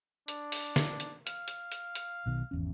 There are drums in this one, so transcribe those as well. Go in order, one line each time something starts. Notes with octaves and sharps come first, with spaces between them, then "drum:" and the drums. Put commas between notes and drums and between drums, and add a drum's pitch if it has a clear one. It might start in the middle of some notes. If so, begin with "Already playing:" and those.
D4, drum: hi-hat
drum: open hi-hat
drum: snare
drum: hi-hat
F5, drum: hi-hat
drum: hi-hat
drum: hi-hat
drum: hi-hat
B1 B2 D#3
G#1 E2 C#4